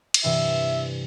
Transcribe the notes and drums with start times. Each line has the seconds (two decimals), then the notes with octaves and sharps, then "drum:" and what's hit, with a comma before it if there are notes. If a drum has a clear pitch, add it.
0.14 drum: cymbal
0.24 G2 C3 E3 E5